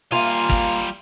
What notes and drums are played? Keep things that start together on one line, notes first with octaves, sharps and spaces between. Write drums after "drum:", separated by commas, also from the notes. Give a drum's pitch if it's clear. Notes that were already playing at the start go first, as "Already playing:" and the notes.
G3 A#3 F4 G#5, drum: hi-hat
drum: kick, hi-hat